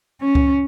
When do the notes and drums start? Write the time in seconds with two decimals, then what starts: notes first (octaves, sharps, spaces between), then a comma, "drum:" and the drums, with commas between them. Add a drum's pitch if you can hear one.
0.21 C#4
0.35 drum: kick C#2